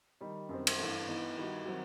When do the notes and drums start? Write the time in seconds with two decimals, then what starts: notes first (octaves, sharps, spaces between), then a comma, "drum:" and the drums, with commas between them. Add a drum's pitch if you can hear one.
0.21 D#3 G3 D#4
0.49 F#2 D#3 G3 C4
0.67 drum: cymbal
0.78 G2 E3 A3
1.07 E3 B3 D#4
1.36 D#3 G3 D#4 F#4
1.65 D#3 F#3 C4 F#4